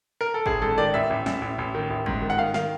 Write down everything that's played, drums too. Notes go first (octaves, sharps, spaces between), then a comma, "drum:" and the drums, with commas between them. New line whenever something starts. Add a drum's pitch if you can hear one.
A#4
A4
A1 G#4, drum: kick
G#2 A4
D#3 D5
A1 E5
A1
A1, drum: snare
A1
A1
D#3
A1
G#2, drum: kick
D#3
F#5
D#3 F5
D#3 F5, drum: snare